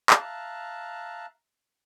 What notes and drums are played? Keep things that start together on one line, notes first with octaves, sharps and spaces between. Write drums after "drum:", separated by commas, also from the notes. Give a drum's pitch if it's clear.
E5 F5 A5 A#5 F#6, drum: clap